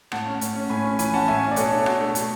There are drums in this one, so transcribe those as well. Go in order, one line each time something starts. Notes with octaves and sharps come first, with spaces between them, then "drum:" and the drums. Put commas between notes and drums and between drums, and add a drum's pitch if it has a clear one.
A2 F#5 A5, drum: rim click
C#4
A2, drum: hi-hat
C#4
A2 G#5 B5
C#4
E3 G#5 B5, drum: hi-hat
C#4 F#5 A5
A2 E5 G#5
C#4
D5
B2 A4 C#5, drum: hi-hat
D4
B2, drum: rim click
A3
B2, drum: hi-hat